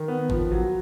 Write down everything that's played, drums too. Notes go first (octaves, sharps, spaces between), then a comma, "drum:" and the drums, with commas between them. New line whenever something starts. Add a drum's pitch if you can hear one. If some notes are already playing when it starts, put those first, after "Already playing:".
Already playing: D#3
B3
F3, drum: kick G#1
F#3